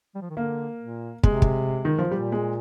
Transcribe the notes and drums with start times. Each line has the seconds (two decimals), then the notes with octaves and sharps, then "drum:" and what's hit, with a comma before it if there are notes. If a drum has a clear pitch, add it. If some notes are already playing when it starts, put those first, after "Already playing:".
0.15 G3
0.22 F3
0.30 D#3
0.37 D3 A#3
0.80 A#2
1.23 C3 G#3, drum: kick
1.42 drum: kick
1.85 D#3
1.98 F3
2.11 A#2 G3
2.32 G#3